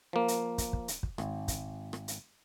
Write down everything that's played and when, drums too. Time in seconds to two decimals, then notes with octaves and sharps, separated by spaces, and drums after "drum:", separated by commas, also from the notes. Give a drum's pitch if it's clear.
0.13 F3 A#3
0.28 drum: hi-hat
0.58 drum: kick, hi-hat
0.73 drum: kick
0.88 drum: hi-hat
1.03 drum: kick
1.18 G#1, drum: rim click
1.48 drum: kick, hi-hat
1.93 drum: rim click
2.08 drum: hi-hat